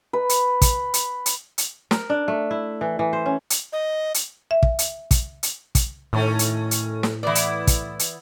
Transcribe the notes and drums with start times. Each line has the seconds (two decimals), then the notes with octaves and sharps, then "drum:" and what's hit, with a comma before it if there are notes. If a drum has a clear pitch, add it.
0.13 B4
0.29 drum: hi-hat
0.62 drum: kick, hi-hat
0.94 drum: hi-hat
1.26 drum: hi-hat
1.58 drum: hi-hat
1.91 A#4, drum: snare
2.10 D4
2.28 A3
2.51 E4
2.81 E3
2.99 E3
3.13 C5
3.26 C#4
3.50 drum: hi-hat
3.73 D#5
4.14 drum: hi-hat
4.51 E5
4.63 drum: kick
4.79 drum: hi-hat
5.11 drum: kick, hi-hat
5.43 drum: hi-hat
5.75 drum: kick, hi-hat
6.13 A2 D#3 A3 C#4
6.39 drum: hi-hat
6.71 drum: hi-hat
7.03 drum: snare
7.23 E3 B3 E4 B4 D5
7.35 drum: hi-hat
7.67 drum: kick, hi-hat
7.99 drum: hi-hat